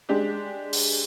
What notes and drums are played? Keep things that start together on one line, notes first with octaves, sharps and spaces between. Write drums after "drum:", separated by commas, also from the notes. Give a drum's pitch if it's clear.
G#3 D4 G4
drum: open hi-hat